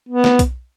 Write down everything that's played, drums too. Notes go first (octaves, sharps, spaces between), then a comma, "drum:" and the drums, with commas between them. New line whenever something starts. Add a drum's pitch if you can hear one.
B3
drum: snare
drum: kick B1, hi-hat